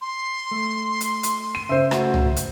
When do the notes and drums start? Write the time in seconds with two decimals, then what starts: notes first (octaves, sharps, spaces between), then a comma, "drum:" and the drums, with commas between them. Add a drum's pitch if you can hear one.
0.01 C6
0.51 A3
1.01 drum: hi-hat
1.23 drum: hi-hat
1.55 D#7
1.69 C#3 C5 E5
1.91 C#2 A3 F#4, drum: rim click
2.14 drum: tom
2.36 drum: hi-hat